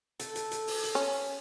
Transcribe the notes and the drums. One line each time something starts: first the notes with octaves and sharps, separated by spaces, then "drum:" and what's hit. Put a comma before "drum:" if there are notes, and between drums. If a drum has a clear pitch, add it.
A4, drum: hi-hat
drum: hi-hat
drum: hi-hat
drum: open hi-hat
drum: hi-hat
C#4